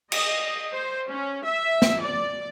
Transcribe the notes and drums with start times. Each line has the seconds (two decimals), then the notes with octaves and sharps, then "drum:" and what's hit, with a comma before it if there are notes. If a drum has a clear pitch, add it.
0.12 D#5, drum: cymbal
0.73 C5
1.09 C#4
1.45 E5
1.82 drum: snare
2.01 D5